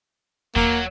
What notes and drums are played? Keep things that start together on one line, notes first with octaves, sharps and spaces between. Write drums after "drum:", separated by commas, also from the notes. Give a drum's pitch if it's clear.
F#3 A#3, drum: kick